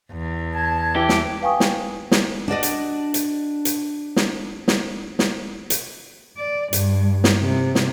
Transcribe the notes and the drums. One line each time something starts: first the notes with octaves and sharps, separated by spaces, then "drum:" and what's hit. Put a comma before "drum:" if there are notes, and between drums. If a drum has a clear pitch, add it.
E2
A5 G#6
E3 G4
drum: snare
B4 F5 G5 G#5 C#6 D#6
drum: snare
drum: snare
D4 F#4 D5 D#5
drum: hi-hat
drum: hi-hat
drum: hi-hat
drum: snare
drum: snare
drum: snare
drum: hi-hat
D5
G2, drum: hi-hat
drum: snare
C3
drum: snare